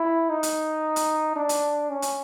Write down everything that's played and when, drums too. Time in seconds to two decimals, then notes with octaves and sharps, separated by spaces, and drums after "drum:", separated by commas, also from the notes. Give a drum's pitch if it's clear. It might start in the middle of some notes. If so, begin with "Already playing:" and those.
Already playing: E4
0.29 D#4
0.43 drum: hi-hat
0.96 drum: hi-hat
1.36 D4
1.49 drum: hi-hat
1.90 C#4
2.02 drum: hi-hat